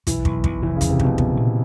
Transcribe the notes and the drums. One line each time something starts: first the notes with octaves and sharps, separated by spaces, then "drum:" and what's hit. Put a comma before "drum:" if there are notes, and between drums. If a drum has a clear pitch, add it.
B1 E3, drum: kick, hi-hat
B1, drum: kick
B1, drum: kick
F1 E3
C#3
E2, drum: kick, hi-hat
C3
F1 B2, drum: kick
B3, drum: kick
A#2